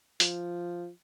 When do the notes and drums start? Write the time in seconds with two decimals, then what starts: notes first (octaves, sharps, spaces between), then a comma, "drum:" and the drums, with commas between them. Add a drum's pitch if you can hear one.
0.20 F3, drum: hi-hat